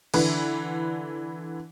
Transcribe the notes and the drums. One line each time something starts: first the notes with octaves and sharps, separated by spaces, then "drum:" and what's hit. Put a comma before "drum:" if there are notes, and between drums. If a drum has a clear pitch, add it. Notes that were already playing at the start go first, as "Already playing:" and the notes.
D3 E3 B4, drum: cymbal